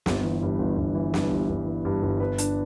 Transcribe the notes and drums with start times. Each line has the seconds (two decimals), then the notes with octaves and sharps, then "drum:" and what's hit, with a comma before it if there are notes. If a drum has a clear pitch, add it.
0.06 G1, drum: snare
0.23 E3
0.42 G2
0.59 G1
0.78 G1
0.95 E3
1.14 G2, drum: snare
1.31 G1
1.49 G1
1.66 E3
1.85 G2
2.03 G1
2.20 B4
2.38 D4, drum: hi-hat